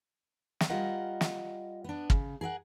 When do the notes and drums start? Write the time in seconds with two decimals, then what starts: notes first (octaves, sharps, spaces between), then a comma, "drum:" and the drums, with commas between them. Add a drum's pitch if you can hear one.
0.60 drum: snare
0.70 G3 F4 A#4 D#5 F#5
1.21 drum: snare
1.84 B3 D4
2.10 C#3, drum: kick
2.41 G#4 A#4 E5 F#5